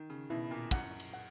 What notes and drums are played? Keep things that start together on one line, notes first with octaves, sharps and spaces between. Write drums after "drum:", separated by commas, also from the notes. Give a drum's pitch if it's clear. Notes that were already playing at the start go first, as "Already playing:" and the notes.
Already playing: D#3
C#3
B2 E4
A#2
F#2 F#5, drum: kick, cymbal
drum: cymbal
F#5